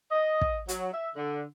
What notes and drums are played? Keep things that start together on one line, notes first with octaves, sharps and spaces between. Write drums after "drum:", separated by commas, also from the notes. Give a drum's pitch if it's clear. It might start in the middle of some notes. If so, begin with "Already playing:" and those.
D#5
drum: kick
F#3, drum: hi-hat
E5
D3